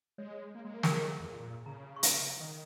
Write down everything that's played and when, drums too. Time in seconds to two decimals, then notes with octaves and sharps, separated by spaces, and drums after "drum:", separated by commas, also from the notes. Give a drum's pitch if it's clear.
0.18 G#3 C#5
0.55 A#3
0.65 G#3
0.74 A#3
0.83 G#3 A#4, drum: snare
0.92 F3 G#4
1.01 D#3
1.20 F2
1.30 A#2
1.66 C#3 A#5
1.96 C#6
2.03 A#5, drum: hi-hat
2.40 D#3